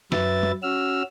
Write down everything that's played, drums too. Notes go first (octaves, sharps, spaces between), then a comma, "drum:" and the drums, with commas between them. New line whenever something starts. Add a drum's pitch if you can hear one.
F#2 F#3 B4 E5 A6, drum: snare
drum: tom F#3
C#4 F#4 E6 F6